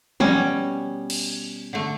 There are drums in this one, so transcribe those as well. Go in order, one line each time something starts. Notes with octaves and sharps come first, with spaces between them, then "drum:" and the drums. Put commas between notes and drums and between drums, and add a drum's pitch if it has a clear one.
B2 G3 C#4, drum: tom
drum: cymbal
D3 A3